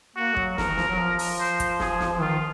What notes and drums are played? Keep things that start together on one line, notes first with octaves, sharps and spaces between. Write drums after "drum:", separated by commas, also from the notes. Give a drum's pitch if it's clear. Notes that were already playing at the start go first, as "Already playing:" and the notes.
A#3 F#4
F#3, drum: kick
F3 A#4, drum: snare
D#3
F3, drum: snare
F#3
F3
drum: open hi-hat
C5
drum: kick, hi-hat
G#4, drum: snare
drum: snare
D#3 F4